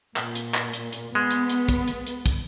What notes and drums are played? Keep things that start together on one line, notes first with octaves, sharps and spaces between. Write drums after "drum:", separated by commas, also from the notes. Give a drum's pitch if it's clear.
A#2, drum: clap
drum: hi-hat
drum: clap
drum: hi-hat
drum: hi-hat
G#3 B3
drum: hi-hat
drum: hi-hat
drum: kick, hi-hat
drum: hi-hat
drum: hi-hat
drum: kick, hi-hat